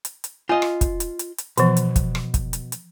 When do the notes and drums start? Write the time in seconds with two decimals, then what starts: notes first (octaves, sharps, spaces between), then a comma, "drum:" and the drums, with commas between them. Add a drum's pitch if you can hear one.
0.05 drum: hi-hat
0.24 drum: hi-hat
0.49 F4 D#5 G#5
0.62 drum: rim click
0.81 drum: kick, hi-hat
1.00 drum: hi-hat
1.19 drum: hi-hat
1.38 drum: hi-hat
1.57 B2 E3 F3, drum: hi-hat
1.77 drum: hi-hat
1.96 drum: kick, hi-hat
2.15 drum: rim click
2.34 drum: kick, hi-hat
2.53 drum: hi-hat
2.72 drum: hi-hat